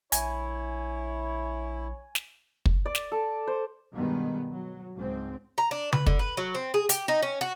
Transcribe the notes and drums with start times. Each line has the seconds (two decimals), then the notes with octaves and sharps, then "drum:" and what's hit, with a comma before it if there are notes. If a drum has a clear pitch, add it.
0.12 A#1 E4 C#5 G#5, drum: hi-hat
2.15 drum: snare
2.66 drum: kick
2.86 D5
2.95 drum: snare
3.12 A4
3.47 C5
3.94 G2 B2 D#3 G#3 B3
4.51 F#3
4.95 C#2 G#2 C4
5.58 A#5
5.71 D4
5.93 B4, drum: tom C#3
6.06 D3, drum: kick
6.19 B4
6.37 F#3
6.55 C4
6.74 G#4
6.89 G4, drum: hi-hat
7.08 D#4
7.22 C#4
7.41 F#4